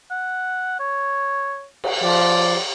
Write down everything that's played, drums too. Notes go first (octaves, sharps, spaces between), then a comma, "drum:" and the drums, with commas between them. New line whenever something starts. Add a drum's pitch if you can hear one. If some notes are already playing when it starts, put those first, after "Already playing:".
F#5
C#5
drum: cymbal
F3 D5